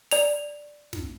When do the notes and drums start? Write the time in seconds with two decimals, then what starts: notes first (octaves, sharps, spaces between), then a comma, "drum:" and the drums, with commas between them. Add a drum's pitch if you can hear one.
0.11 D5 F7, drum: open hi-hat
0.93 drum: snare